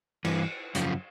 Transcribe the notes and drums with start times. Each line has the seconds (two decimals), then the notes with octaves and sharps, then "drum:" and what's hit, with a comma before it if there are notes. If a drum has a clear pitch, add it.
0.25 G2 E3, drum: cymbal
0.75 F#2 C#3 F3, drum: hi-hat